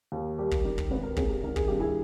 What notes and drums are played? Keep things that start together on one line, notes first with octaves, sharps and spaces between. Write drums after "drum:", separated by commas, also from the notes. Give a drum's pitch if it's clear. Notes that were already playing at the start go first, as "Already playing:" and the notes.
D#2
G3 G4 A#4
drum: kick
D#3
drum: kick
G#1 B4
A#4
G#1 G#4, drum: kick
G4 A#4
D#3 A#4
G#4, drum: kick
G2 G4
E4 G#4